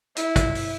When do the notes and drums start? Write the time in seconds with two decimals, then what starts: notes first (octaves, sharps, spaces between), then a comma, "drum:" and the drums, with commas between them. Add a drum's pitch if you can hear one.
0.16 E4, drum: hi-hat
0.36 drum: kick, hi-hat
0.55 drum: open hi-hat